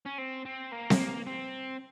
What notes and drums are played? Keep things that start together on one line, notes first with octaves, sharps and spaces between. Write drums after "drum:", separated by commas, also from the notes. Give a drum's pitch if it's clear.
C#4
C4
C4
A#3
drum: snare C4
C4